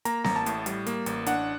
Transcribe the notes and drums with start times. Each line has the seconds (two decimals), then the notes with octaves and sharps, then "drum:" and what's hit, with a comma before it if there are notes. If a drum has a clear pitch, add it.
0.05 A#3 A#5, drum: hi-hat
0.24 A1 A#5, drum: snare C4
0.36 A5
0.46 A2, drum: hi-hat
0.66 G3, drum: hi-hat
0.86 A#3, drum: hi-hat
1.06 A1, drum: hi-hat
1.26 D4 F#5, drum: hi-hat